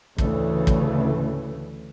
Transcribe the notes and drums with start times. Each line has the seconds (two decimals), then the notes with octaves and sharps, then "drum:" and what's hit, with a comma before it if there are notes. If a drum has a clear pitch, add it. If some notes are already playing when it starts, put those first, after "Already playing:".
0.18 D2 A2 C#3 E3 A3, drum: kick
0.67 drum: kick